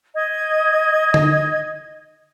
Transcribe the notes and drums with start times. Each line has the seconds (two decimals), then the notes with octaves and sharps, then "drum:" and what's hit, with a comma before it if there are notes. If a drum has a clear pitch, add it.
0.15 D#5 G#6
1.14 drum: tom D3